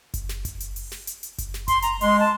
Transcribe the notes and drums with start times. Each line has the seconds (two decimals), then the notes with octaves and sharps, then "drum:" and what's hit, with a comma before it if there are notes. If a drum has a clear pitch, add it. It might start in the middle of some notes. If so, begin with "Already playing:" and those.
0.14 drum: kick F#1, hi-hat
0.29 drum: snare
0.45 drum: kick F#1, hi-hat
0.60 drum: hi-hat
0.76 drum: open hi-hat
0.92 drum: snare
1.07 drum: hi-hat
1.23 drum: hi-hat
1.38 drum: kick F#1, hi-hat
1.54 drum: snare
1.68 C6, drum: kick F#1, hi-hat
1.82 A#5, drum: hi-hat
2.01 G#3 C6, drum: open hi-hat
2.20 A5